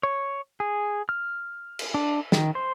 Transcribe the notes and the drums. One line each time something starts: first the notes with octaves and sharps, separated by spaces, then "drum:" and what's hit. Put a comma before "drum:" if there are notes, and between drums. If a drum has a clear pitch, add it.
C#5
G#4
F6
drum: cymbal
D4
D#3, drum: snare
C5